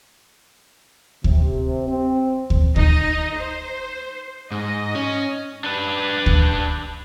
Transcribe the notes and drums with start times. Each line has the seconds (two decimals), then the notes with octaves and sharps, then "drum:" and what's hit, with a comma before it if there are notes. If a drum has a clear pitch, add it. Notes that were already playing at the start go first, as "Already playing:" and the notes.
1.24 C3, drum: kick D2
1.88 C4
2.50 drum: kick D2
2.76 D#4 D#5, drum: kick D2
3.37 C5
4.51 G#2 D#5
4.95 C#4
5.64 D4 B4
6.26 drum: kick D2